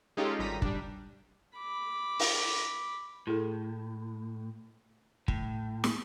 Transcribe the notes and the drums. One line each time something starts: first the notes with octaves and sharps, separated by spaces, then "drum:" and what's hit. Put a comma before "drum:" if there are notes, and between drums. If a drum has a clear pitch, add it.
G#3 C#4 D#4 F4 G4 A4
G#1 G3 A#5 B6 D#7
G3 D4, drum: kick
B5 D6
drum: open hi-hat
A2 E4 G#4 A4
A2, drum: kick
drum: snare